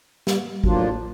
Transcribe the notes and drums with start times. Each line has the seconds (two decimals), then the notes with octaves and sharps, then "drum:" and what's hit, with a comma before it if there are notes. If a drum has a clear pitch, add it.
0.27 G3, drum: snare
0.64 A2 F3 F#3 A#3 D4 F4, drum: kick G#1